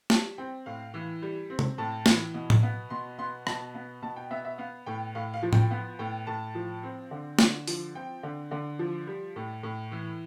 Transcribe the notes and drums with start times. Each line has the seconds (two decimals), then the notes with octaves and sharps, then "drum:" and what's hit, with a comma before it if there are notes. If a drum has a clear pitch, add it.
0.10 G3 A5, drum: snare
0.38 C4 G5
0.66 A2 F5
0.94 E3
1.22 G3
1.50 C4
1.59 drum: tom C3
1.78 A2 A5
2.06 E3, drum: snare
2.34 B2
2.50 drum: tom A2
2.63 B3
2.90 B2 C6
3.18 B3 C6
3.47 B2 A5, drum: rim click
3.75 B3
4.02 B2 A5
4.16 G5
4.31 B3 E5
4.45 E5
4.58 B3 F5
4.86 A2 G5
5.15 A2 F5
5.34 F5
5.43 F3
5.53 G5, drum: tom A2
5.71 B3
5.99 A2 G5
6.27 A2 A5
6.55 F3
6.83 C4
7.11 D3
7.39 D3, drum: snare
7.68 F3, drum: open hi-hat
7.95 C4 G5
8.23 D3
8.51 D3
8.79 F3
9.07 G3
9.36 A2
9.63 A2
9.92 E3